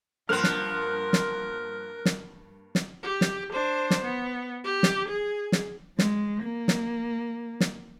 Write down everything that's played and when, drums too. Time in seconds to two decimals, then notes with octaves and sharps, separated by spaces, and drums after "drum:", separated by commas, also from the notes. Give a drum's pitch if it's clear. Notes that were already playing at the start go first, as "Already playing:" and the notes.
0.29 G2 F3 A#3 B3 A#4 F6 F#6 F7
0.44 drum: snare
1.13 drum: snare
2.05 drum: snare
2.75 drum: snare
3.03 G4
3.21 drum: snare
3.52 D4 C5
3.90 drum: snare
4.03 B3
4.64 G4
4.83 drum: snare
5.08 G#4
5.52 drum: snare
5.99 G#3, drum: snare
6.44 A#3
6.68 drum: snare
7.60 drum: snare